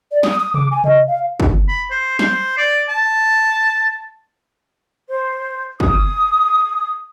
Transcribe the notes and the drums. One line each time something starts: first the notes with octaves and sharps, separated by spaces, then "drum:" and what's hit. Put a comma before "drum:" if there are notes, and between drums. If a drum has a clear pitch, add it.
D5
D#6, drum: snare
D#6
D6, drum: tom C3
G#5
D#5, drum: tom C3
F5
drum: kick
B5
C5
C5, drum: snare
D5
A5
C5
D#6, drum: kick